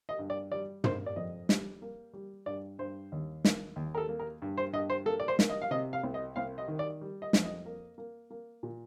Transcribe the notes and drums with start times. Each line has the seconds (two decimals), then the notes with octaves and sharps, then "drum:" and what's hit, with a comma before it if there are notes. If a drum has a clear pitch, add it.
0.09 D#5
0.19 G2
0.30 D5
0.52 G3 D5
0.84 A#3 C5, drum: tom
1.06 D5
1.16 F2 D#5
1.49 G3, drum: snare
1.82 A#3
2.14 G3
2.46 G2 D5
2.79 G2 C5
3.12 D#2
3.45 A#3, drum: snare
3.76 D#2
3.95 A#4
3.98 A4
4.09 A#3
4.20 A#4
4.42 G2
4.57 C5
4.73 G2 D#5
4.90 C5
5.06 A#3 A4
5.20 D5
5.28 C5
5.39 A#3, drum: snare
5.49 D#5
5.62 F5
5.71 C3 D#5
5.93 F5
6.03 C2
6.14 D#5
6.36 C2 F5
6.58 D#5
6.68 D#3
6.79 D5
7.01 G3
7.22 D#5
7.33 F2, drum: snare
7.44 D#5
7.66 A#3
7.98 A#3
8.31 A#3
8.63 A#2